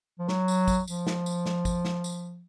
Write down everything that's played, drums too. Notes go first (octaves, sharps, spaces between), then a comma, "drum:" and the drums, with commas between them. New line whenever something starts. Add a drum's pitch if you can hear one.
F3
F#3, drum: snare
drum: tambourine
drum: kick, tambourine
F3, drum: tambourine
drum: snare
drum: tambourine
drum: snare
drum: kick, tambourine
drum: snare
drum: tambourine